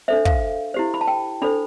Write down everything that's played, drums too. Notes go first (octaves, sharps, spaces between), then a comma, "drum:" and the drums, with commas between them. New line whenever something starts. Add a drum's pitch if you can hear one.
D4 A4 C5 E5
F5, drum: kick
E4 G4 C5
B5
A5
G5
D4 A4 C5 B5